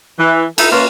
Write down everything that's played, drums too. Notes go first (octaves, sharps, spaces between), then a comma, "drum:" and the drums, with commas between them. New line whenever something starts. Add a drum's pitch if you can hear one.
E3
D#4 E4 A4, drum: cymbal
A#3 C#4 F4 B4